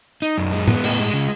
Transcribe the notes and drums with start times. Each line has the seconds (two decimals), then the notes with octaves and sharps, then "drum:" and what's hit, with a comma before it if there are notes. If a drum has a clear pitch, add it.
0.22 D#4, drum: tambourine
0.38 F#2
0.52 G#3
0.68 B3, drum: tom
0.84 A2, drum: cymbal
0.99 G#3
1.14 C#3